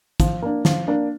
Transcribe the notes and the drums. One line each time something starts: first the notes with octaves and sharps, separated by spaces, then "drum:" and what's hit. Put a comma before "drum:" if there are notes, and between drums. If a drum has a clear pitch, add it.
F3, drum: kick, hi-hat
A#3 D4
F3, drum: snare
A#3 D4